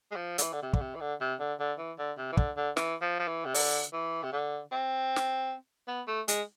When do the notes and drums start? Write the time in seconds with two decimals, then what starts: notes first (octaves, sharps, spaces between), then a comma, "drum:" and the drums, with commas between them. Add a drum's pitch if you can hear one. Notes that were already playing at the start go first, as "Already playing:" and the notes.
0.11 G#3
0.16 F3
0.38 D3, drum: hi-hat
0.42 E3
0.53 D3
0.63 C3
0.73 D3, drum: kick
0.81 C3
0.95 E3
1.01 D3
1.21 C3
1.40 D3
1.60 D3
1.79 E3
1.99 D3
2.18 C3
2.32 E3
2.37 D3, drum: kick
2.56 D3
2.77 E3, drum: snare
3.02 F3
3.19 F3
3.28 E3
3.46 C3
3.54 D3, drum: open hi-hat
3.93 E3
4.23 C3
4.32 D3
4.72 C4
5.16 drum: snare
5.88 B3
6.08 A3
6.28 G#3, drum: hi-hat